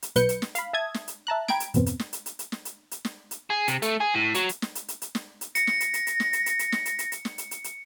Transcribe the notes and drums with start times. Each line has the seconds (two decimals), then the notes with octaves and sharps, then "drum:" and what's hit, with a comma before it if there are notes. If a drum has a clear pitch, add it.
0.03 drum: hi-hat
0.16 B1 F#3 B4 G6 C#7, drum: hi-hat
0.29 drum: hi-hat
0.42 drum: snare
0.55 F5 B5, drum: hi-hat
0.73 E5 A5 D#6 G#6
0.94 drum: snare
1.08 drum: hi-hat
1.27 E5 A5 A#5 F#6
1.48 G5 A#5 B5 G#6 D7, drum: snare
1.60 drum: hi-hat
1.74 E2 G2 B2 B3 C4, drum: hi-hat
1.86 drum: hi-hat
2.00 drum: snare
2.13 drum: hi-hat
2.26 drum: hi-hat
2.39 drum: hi-hat
2.52 drum: snare
2.65 drum: hi-hat
2.91 drum: hi-hat
3.05 drum: snare
3.31 drum: hi-hat
3.50 G#4
3.68 C3, drum: hi-hat
3.82 A3, drum: hi-hat
4.00 G#4
4.14 A2
4.35 F#3, drum: hi-hat
4.49 drum: hi-hat
4.62 drum: snare
4.75 drum: hi-hat
4.88 drum: hi-hat
5.02 drum: hi-hat
5.15 drum: snare
5.41 drum: hi-hat
5.55 A#6 C#7, drum: hi-hat
5.67 drum: snare
5.80 drum: hi-hat
5.94 drum: hi-hat
6.07 drum: hi-hat
6.20 drum: snare
6.33 drum: hi-hat
6.46 drum: hi-hat
6.59 drum: hi-hat
6.72 drum: snare
6.85 drum: hi-hat
6.99 drum: hi-hat
7.12 drum: hi-hat
7.25 drum: snare
7.38 drum: hi-hat
7.51 drum: hi-hat
7.64 drum: hi-hat